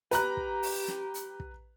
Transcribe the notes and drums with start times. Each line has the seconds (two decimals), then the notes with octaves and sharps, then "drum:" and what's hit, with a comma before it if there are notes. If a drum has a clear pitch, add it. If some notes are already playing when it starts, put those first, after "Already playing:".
0.11 G4 B4 A#5 F#6, drum: hi-hat
0.37 drum: kick
0.63 drum: open hi-hat
0.88 drum: snare
1.14 drum: hi-hat
1.40 drum: kick